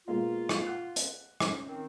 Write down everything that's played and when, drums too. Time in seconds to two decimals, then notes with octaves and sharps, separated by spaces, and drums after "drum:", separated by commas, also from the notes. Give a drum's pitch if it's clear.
0.08 B2 G#3 A#3 F4
0.49 drum: rim click
0.67 F#5 F#6
0.96 drum: hi-hat
1.40 C#4, drum: rim click
1.66 D#3 C4